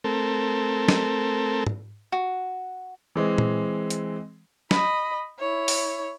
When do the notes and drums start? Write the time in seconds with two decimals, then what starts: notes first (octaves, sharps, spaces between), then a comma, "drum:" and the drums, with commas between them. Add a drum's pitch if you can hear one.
0.04 A3 C4 A4 A#4
0.88 drum: snare
1.67 drum: tom
2.12 F#4
3.16 E3 G#3 C4
3.38 drum: tom A#2
3.90 drum: hi-hat
4.71 D#5 B5, drum: snare
5.39 E4 C#5
5.68 drum: open hi-hat